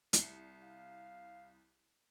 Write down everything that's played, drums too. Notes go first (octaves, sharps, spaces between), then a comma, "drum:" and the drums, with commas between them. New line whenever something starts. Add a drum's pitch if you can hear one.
C2 C7 C#7, drum: hi-hat
F5